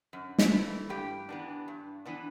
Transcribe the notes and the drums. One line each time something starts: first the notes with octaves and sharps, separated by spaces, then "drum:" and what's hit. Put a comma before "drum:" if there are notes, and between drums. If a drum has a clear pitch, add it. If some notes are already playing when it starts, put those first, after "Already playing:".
F#2
drum: snare
E3 A3 E4
G2 G4 G5
E3 B3 D4
G2
E3 B3 D4